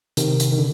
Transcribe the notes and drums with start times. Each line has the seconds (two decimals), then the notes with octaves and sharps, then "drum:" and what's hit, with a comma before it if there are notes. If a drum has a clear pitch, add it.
0.17 C3 D#3, drum: hi-hat
0.40 drum: hi-hat
0.52 D#3
0.58 D3